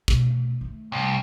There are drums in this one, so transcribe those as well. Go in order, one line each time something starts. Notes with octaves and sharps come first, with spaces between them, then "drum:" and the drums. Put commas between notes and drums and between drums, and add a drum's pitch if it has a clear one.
B2 A3, drum: kick
D#3 A3
C2